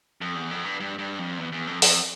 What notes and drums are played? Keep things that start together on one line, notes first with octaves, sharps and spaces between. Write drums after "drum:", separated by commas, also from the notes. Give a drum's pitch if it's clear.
F2
E2
F2
G2
G2
G2
F2
E2
E2
F2
F2, drum: open hi-hat